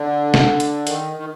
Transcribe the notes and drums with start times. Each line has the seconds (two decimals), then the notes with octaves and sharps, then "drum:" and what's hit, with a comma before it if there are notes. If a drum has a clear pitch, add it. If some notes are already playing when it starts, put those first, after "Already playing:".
Already playing: D3
0.34 drum: snare
0.60 drum: hi-hat
0.87 D#3, drum: hi-hat
1.16 D#3